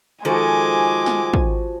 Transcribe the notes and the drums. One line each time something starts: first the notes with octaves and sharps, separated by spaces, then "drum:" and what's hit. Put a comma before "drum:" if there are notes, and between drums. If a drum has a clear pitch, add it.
D#3 F3 G#3 F#4 A4 G#5 D6
drum: snare
drum: kick